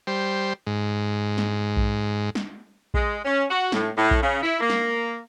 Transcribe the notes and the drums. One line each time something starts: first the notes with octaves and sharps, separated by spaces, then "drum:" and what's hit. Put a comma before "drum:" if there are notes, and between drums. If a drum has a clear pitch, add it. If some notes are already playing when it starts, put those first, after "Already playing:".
G3 C5
G#2
drum: snare
drum: kick A#1
drum: snare
G#3, drum: kick A#1
C#4
F#4
A2, drum: snare
A2
drum: kick A#1
C#3
E4
A#3
drum: snare